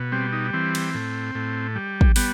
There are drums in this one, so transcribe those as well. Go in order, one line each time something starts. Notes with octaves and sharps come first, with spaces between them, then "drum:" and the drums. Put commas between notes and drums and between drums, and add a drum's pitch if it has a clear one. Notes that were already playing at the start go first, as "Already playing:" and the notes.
Already playing: B2
G3 C4
D#4
E3 C4
drum: cymbal
A2
A2
G3
drum: kick
G3 B3, drum: open hi-hat